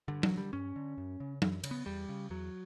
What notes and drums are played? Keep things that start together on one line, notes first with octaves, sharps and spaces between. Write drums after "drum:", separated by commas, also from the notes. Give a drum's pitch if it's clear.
G2 D3
F#3, drum: tom F#3
D3
G3
G2 C#4
D3
F#2
C#3
F#2, drum: tom F#3
C#3, drum: cymbal
B3
E2 G3
C#3
E2 F#3